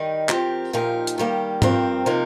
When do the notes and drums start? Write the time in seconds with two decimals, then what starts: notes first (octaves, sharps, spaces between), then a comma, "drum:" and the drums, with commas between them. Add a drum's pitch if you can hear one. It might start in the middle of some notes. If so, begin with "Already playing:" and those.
Already playing: D#3 G3 D#4
0.29 F3 C4 G4 A#4, drum: clap
0.73 A#2 F3 D#4 G4 A#4
1.07 drum: hi-hat
1.18 D#3 G3 A#3 G4
1.62 G2 F3 C4 G4 A#4, drum: tom G#2
2.06 C3 F3 A#3 D#4 A#4